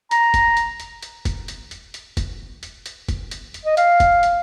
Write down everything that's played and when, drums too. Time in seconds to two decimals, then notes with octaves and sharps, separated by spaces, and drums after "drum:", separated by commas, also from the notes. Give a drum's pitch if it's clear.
0.11 A#5, drum: hi-hat
0.34 drum: kick, hi-hat
0.57 drum: hi-hat
0.80 drum: hi-hat
1.03 drum: hi-hat
1.25 drum: kick, hi-hat
1.48 drum: hi-hat
1.71 drum: hi-hat
1.94 drum: hi-hat
2.17 drum: kick, hi-hat
2.63 drum: hi-hat
2.86 drum: hi-hat
3.09 drum: kick, hi-hat
3.31 drum: hi-hat
3.54 drum: hi-hat
3.65 D#5
3.77 F5, drum: hi-hat
4.00 drum: kick, hi-hat
4.23 drum: hi-hat